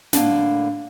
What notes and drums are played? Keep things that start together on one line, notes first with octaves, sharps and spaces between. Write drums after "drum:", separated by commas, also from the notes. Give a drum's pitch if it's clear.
A2 D3 A#3, drum: snare